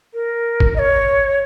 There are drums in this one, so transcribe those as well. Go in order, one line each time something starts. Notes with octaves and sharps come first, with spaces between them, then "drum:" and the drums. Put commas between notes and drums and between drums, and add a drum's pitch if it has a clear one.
A#4
drum: kick
D#5
C#5